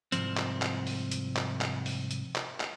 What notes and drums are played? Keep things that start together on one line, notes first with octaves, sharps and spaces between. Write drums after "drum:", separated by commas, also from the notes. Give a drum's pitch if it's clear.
C2 G#2 F3 C4, drum: hi-hat
drum: clap
drum: clap
drum: open hi-hat
drum: hi-hat
drum: clap
drum: clap
drum: open hi-hat
drum: hi-hat
drum: clap
drum: clap